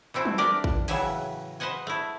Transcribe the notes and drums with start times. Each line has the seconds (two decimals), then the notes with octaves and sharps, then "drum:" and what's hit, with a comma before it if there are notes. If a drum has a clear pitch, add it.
0.14 E3 A3 C4 E4
0.25 drum: tom F#3
0.38 D4 G4 A#4 D5
0.64 drum: kick
0.88 A2 C#3 E3 F#3 E5 G#5, drum: cymbal
1.60 B4 C5 D#5 F#5 G#5
1.87 A3 E4